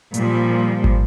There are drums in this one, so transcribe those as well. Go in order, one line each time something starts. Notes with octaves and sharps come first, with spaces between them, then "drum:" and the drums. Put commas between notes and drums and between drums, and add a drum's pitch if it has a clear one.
A#2 F3 G3, drum: hi-hat
drum: kick